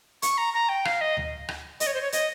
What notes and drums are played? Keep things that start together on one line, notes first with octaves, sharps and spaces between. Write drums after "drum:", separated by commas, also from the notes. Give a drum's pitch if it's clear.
C#6, drum: hi-hat
A#5
A#5
G5
F5, drum: rim click
D#5
drum: tom D2
drum: rim click
D#5, drum: hi-hat
C#5
C5
C#5
D#5, drum: hi-hat